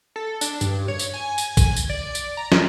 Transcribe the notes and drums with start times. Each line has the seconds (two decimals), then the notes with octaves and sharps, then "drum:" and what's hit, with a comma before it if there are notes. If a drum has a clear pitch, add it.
0.16 A4
0.41 D4, drum: tambourine
0.61 G2, drum: tambourine
0.88 C#5
0.99 drum: tambourine
1.14 G#5
1.38 drum: tambourine
1.57 drum: kick, tambourine
1.76 drum: tambourine
1.89 D5
2.15 drum: tambourine
2.37 A#5
2.52 F4, drum: snare